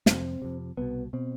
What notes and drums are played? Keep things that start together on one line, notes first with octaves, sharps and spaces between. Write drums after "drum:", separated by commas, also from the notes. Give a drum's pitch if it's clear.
F2 C3 C4, drum: snare
F2 C3
C2 B2 B3
B2 C4